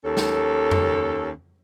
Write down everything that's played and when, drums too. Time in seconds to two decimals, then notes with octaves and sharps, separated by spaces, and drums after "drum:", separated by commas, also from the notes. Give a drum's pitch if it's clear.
0.05 D#2 C#4 A4
0.17 drum: snare
0.71 drum: tom F2